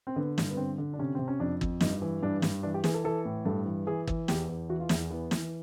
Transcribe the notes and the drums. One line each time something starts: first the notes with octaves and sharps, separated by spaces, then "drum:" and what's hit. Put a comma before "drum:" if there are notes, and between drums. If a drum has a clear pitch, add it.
C4
D3 B3
G2, drum: snare
B3
D3 C4
D3
D4
C3 C#4
C3 C4
C#4
F2 D4
F2, drum: kick G1
G2 D#4, drum: snare
E3
G2 D4
G2, drum: snare
E3 D4
G4
E3 G#4, drum: snare
A4
E3 A4
A2
G2 A4
E3
E3 G#4
E3, drum: kick G1
E2 G4, drum: snare
E2
E3 F#4
F4
E2 E4, drum: snare
E3 B3
E3, drum: snare